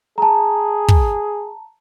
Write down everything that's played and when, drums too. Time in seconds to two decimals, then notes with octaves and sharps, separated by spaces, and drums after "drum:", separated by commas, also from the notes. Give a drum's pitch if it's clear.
0.18 G#4 A5 A#5
0.88 drum: kick